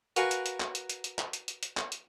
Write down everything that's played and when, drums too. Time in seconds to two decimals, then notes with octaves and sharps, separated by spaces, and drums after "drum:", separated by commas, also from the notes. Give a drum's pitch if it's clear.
0.16 F#4 A#4 B4 F5 G#5 C#6, drum: hi-hat
0.31 drum: hi-hat
0.46 drum: hi-hat
0.60 drum: clap
0.75 drum: hi-hat
0.89 drum: hi-hat
1.04 drum: hi-hat
1.19 drum: clap
1.33 drum: hi-hat
1.48 drum: hi-hat
1.63 drum: hi-hat
1.77 drum: clap
1.92 drum: hi-hat